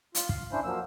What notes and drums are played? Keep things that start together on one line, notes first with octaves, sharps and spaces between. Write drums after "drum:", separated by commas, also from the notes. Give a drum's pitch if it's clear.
F4, drum: hi-hat
F5, drum: kick
C#4 D4 E4 C5
F3 F#3 A#3 E6